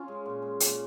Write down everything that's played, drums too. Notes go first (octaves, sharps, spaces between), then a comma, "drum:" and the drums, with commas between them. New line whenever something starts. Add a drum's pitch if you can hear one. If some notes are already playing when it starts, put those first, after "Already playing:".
Already playing: C#4 F4
G#3
A#2
G#3
A#2, drum: hi-hat